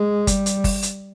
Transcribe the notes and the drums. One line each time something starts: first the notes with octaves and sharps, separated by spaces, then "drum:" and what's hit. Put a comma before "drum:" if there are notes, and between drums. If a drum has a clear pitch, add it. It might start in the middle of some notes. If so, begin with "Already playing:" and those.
Already playing: G#3
G3, drum: kick G1, hi-hat
drum: hi-hat
drum: kick G1, open hi-hat
drum: hi-hat